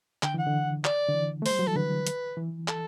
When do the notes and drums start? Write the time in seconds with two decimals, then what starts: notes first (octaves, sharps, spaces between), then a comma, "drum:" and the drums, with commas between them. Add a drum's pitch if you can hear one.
0.23 D3 G5, drum: clap
0.34 E3 F#5
0.47 D3
0.85 D5, drum: clap
1.08 D3
1.14 E3
1.42 A3
1.46 C5, drum: open hi-hat
1.51 G3
1.59 F#3
1.67 E3 A4
1.76 D3 B4
2.07 drum: hi-hat
2.37 E3
2.68 A4, drum: clap